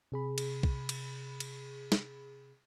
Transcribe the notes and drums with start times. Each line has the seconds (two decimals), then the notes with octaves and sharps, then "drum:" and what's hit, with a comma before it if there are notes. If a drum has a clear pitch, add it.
0.12 C3 G#4 B5
0.38 drum: cymbal
0.63 drum: kick
0.89 drum: cymbal
1.40 drum: cymbal
1.92 drum: snare